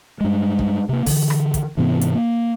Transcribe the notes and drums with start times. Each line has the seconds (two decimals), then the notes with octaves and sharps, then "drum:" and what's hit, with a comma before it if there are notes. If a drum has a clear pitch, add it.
0.20 G2 G#3
0.59 drum: kick
0.89 C3 A#3
1.06 D3 E3, drum: kick, open hi-hat
1.30 drum: rim click
1.54 drum: kick, hi-hat
1.77 G#2 C3 E3 B3
2.01 drum: hi-hat
2.15 A#3